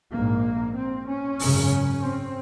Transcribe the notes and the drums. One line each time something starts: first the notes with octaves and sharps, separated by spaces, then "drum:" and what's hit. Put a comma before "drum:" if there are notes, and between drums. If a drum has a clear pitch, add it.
A#1 G#2 A#3
C4
C#4
G#1 F#2 C#3, drum: open hi-hat
C4